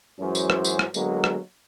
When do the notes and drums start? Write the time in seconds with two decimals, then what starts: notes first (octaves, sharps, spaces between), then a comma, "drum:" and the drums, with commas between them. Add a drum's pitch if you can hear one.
0.19 F#2 E3 F#3 G#3 C#4 C5
0.35 drum: tambourine
0.50 drum: rim click
0.64 drum: tambourine
0.79 drum: rim click
0.94 D3 F#3 G#3 A#3 B3, drum: tambourine
1.24 drum: rim click